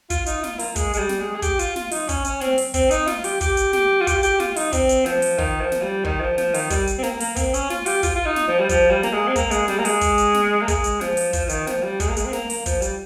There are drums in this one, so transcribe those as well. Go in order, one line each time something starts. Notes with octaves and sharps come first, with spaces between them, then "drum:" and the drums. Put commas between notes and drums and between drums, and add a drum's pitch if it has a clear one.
F4, drum: kick, hi-hat
D#4, drum: hi-hat
F4, drum: snare
A#3, drum: open hi-hat
G#3, drum: kick, hi-hat
G#3, drum: hi-hat
G3
drum: snare
G#3
G#4
G4, drum: kick, hi-hat
F4, drum: hi-hat
F4, drum: snare
D#4, drum: open hi-hat
C#4, drum: kick, hi-hat
C#4, drum: hi-hat
C4, drum: snare
drum: open hi-hat
C4, drum: kick, hi-hat
D#4, drum: hi-hat
F4, drum: snare
G4, drum: open hi-hat
G4, drum: kick, hi-hat
drum: hi-hat
G4, drum: snare
F4
G4, drum: kick, hi-hat
G4, drum: hi-hat
F4, drum: snare
D#4, drum: open hi-hat
C4, drum: kick, hi-hat
drum: hi-hat
F3, drum: snare
drum: open hi-hat
D#3, drum: kick
F3
drum: snare
G3
D#3, drum: kick
F3
F3, drum: snare
D#3, drum: open hi-hat
G3, drum: kick, hi-hat
drum: hi-hat
C4
A#3, drum: snare
A#3, drum: open hi-hat
C4, drum: kick, hi-hat
C#4, drum: hi-hat
F4, drum: snare
G4, drum: open hi-hat
F4, drum: kick, hi-hat
F4
D#4
drum: snare
F3
G3
F3, drum: kick, hi-hat
G3
A#3, drum: snare
G#3
C4
A#3, drum: kick, hi-hat
G#3, drum: hi-hat
G3, drum: snare
A#3
G#3, drum: open hi-hat
drum: kick, hi-hat
drum: hi-hat
drum: snare
A#3
G#3, drum: kick, hi-hat
drum: hi-hat
F3, drum: snare
drum: open hi-hat
F3, drum: kick, hi-hat
F3
D#3, drum: hi-hat
F3, drum: snare
G3
G#3, drum: kick, hi-hat
A#3
G#3, drum: hi-hat
C4
A#3, drum: snare
A#3, drum: open hi-hat
F3, drum: kick, hi-hat
G3, drum: hi-hat